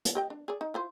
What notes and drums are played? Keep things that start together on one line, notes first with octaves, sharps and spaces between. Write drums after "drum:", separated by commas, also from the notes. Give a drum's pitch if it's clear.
drum: hi-hat
G4 D#5 G5
D4
G#4 D5
D#4
E4 F4 C5